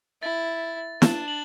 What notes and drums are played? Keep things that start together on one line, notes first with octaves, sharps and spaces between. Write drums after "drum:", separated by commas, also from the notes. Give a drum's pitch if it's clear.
E4 A6
D4 E7, drum: snare
F#7